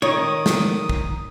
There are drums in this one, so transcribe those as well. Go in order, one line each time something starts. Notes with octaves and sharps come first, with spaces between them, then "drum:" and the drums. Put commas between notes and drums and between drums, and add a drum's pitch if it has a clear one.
D#3 C#5 D#6
drum: snare
drum: kick